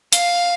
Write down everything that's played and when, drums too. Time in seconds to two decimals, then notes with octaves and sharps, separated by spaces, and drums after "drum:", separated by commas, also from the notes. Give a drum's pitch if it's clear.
0.13 F5, drum: hi-hat